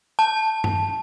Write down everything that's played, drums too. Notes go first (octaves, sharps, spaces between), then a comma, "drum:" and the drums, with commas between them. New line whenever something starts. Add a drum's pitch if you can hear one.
A5
drum: tom G2